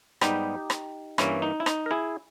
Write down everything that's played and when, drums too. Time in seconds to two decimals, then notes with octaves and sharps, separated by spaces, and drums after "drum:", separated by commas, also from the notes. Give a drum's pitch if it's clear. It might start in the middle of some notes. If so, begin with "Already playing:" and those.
0.21 G#2 G3 B3 D#4 G4, drum: rim click
0.70 drum: rim click
1.18 G2 E3 A#3 C#4 E4, drum: rim click
1.42 D#4
1.60 E4
1.66 D#4, drum: rim click
1.86 A#4
1.91 E4 G#4